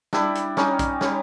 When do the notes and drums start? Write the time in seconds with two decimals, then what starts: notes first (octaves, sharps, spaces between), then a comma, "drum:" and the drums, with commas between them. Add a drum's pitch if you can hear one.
0.13 G3 D4 E4, drum: snare
0.35 drum: hi-hat
0.57 G3 C#4 D#4, drum: snare
0.79 drum: kick, hi-hat
1.01 G3 C#4, drum: snare